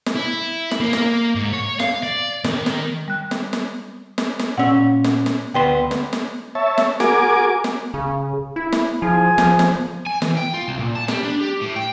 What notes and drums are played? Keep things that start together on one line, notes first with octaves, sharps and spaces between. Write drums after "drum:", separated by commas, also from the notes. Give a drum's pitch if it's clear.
drum: snare
E4
drum: snare
A#3
drum: snare
G#2
C#5
F5, drum: snare
D5
D#3, drum: snare
drum: snare
G3 F#6
drum: snare
drum: snare
drum: snare
drum: snare
A#2 C#4 F#5 E6
drum: snare
drum: snare
D2 B3 G5 C6
drum: snare
drum: snare
C#5 E5 A5
drum: snare
F#4 G#4 A#4 G#5 D6, drum: snare
drum: snare
C#3
E4
drum: snare
F3 F4 G#4 G#5
F3, drum: snare
drum: snare
G#5
E3, drum: snare
G5
F4
C2
A#2
A5
G3, drum: snare
D4
G4
A2
G5